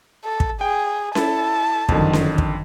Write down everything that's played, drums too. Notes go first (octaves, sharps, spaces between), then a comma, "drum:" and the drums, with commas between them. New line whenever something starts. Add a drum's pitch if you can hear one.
A4
drum: kick
G#4 G5
E4 A4 A5, drum: snare C#4
F#1 F2 D3 D#3, drum: kick
drum: snare C#4
drum: kick